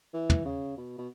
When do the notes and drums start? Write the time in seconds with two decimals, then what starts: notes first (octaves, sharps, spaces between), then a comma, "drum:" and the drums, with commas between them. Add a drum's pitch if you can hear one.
0.14 E3
0.30 drum: tom
0.45 C#3
0.77 B2
0.98 B2